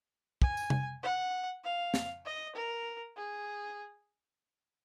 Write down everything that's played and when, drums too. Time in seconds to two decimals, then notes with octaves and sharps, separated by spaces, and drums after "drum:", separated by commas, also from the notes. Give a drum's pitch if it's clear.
0.42 G#5, drum: kick
0.57 drum: tambourine
0.70 drum: tom C3
1.03 F#5
1.64 F5
1.94 drum: snare
2.26 D#5
2.56 A#4
3.17 G#4